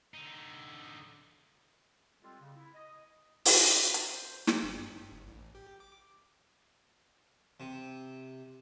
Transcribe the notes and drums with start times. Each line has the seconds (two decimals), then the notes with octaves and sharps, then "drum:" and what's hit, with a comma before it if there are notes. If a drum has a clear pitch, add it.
0.14 D3 D#4
2.22 G3 G#3 C4 F4 G4 A4
2.41 C#3
2.56 E4
2.74 D#5
3.45 drum: open hi-hat
3.94 A6, drum: hi-hat
4.13 C5
4.47 F3, drum: snare
4.62 G1
4.77 G2
5.11 G1
5.27 A1
5.55 G4
5.80 D6
7.60 C3